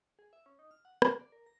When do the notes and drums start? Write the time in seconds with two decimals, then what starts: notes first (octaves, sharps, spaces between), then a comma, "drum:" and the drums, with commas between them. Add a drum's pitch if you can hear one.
0.19 G#4
0.33 E5
0.46 C#4
0.59 D#4
0.71 F6
0.85 F#5
1.02 C3, drum: rim click
1.20 D5
1.32 A#4
1.46 A#6